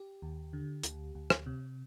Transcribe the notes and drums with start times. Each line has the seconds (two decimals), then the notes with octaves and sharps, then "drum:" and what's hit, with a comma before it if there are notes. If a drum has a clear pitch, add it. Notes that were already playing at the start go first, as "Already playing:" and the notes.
Already playing: G4
0.22 D#2
0.53 D3
0.83 D2, drum: hi-hat
1.15 D2
1.30 drum: rim click
1.46 C3